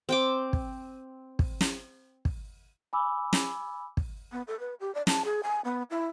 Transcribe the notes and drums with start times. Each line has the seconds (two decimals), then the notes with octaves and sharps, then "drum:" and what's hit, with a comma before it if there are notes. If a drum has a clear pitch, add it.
0.09 C4 G5 D6
0.53 drum: kick
1.39 drum: kick
1.61 drum: snare
2.25 drum: kick
2.93 G#5 B5 D6 E6
3.33 drum: snare
3.97 drum: kick
4.32 B3
4.47 A4
4.60 B4
4.80 G4
4.95 D5
5.07 A5, drum: snare
5.25 G#4
5.43 G#5
5.65 B3
5.91 E4